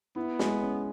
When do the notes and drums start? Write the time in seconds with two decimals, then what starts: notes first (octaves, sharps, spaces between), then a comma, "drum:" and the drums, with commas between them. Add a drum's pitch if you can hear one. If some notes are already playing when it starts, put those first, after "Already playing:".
0.16 B3 E4
0.39 G#3, drum: snare
0.62 C#4